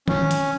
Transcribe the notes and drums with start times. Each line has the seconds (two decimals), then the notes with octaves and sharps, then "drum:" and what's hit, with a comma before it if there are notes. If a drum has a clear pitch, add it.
0.08 C#4, drum: tom
0.31 drum: hi-hat